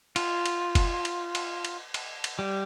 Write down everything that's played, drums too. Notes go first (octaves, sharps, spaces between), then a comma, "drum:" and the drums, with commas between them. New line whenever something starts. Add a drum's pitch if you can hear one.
F4, drum: cymbal
drum: cymbal
drum: kick F#1, cymbal
drum: cymbal
drum: cymbal
drum: cymbal
drum: cymbal
drum: cymbal
G3